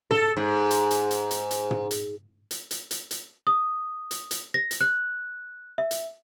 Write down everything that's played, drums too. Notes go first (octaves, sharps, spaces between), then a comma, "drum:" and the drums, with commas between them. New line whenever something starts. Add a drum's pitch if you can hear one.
A4, drum: tom
G#2
drum: hi-hat
drum: hi-hat
drum: hi-hat
drum: hi-hat
drum: hi-hat
drum: tom
drum: hi-hat
drum: hi-hat
drum: hi-hat
drum: hi-hat
drum: hi-hat
D#6
drum: hi-hat
drum: hi-hat
A#6
drum: hi-hat
F#6
E5
drum: hi-hat